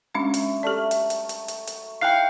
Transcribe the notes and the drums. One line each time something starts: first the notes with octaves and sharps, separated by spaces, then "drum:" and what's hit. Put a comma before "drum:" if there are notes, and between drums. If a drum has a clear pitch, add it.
F#3 G#3 A#3 C#4 D4 E5
drum: hi-hat
A3 G4 A4 D5
drum: hi-hat
drum: hi-hat
drum: hi-hat
drum: hi-hat
drum: hi-hat
D#4 E4 E5 F5 G5 F#6 C7